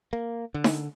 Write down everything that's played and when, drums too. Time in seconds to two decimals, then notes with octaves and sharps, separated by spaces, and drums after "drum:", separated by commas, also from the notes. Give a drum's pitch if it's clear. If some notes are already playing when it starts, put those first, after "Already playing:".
0.13 A#3
0.54 D3
0.64 drum: snare D#4